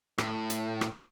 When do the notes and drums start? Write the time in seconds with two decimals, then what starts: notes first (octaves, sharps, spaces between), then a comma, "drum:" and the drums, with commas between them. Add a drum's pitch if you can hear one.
0.18 A2, drum: rim click
0.50 drum: hi-hat
0.81 drum: rim click